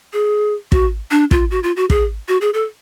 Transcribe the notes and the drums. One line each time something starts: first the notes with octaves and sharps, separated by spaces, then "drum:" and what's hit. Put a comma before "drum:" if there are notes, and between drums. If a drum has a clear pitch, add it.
G#4
F#4, drum: kick
D4
F4, drum: kick
F#4
F4
F#4
G#4, drum: kick
F#4
G#4
A4